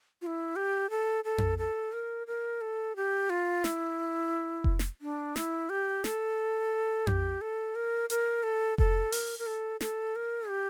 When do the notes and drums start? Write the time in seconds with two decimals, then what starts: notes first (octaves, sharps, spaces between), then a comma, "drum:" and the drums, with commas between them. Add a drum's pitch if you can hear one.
0.22 F4
0.27 E4
0.56 G4
0.90 A4
1.24 A4
1.38 drum: tom F2
1.58 A4
1.92 A#4
2.27 A#4
2.61 A4
2.96 G4
3.30 F4
3.64 E4, drum: snare
4.64 drum: kick F1
4.79 drum: snare
5.01 D4
5.36 E4, drum: snare
5.70 G4
6.04 A4, drum: snare
7.07 G4, drum: tom F2
7.41 A4
7.75 A#4
8.10 A#4, drum: hi-hat
8.43 A4
8.78 A4, drum: kick F1
9.12 A#4, drum: open hi-hat
9.39 A#4
9.47 A4
9.81 A4, drum: snare
10.16 A#4
10.49 G4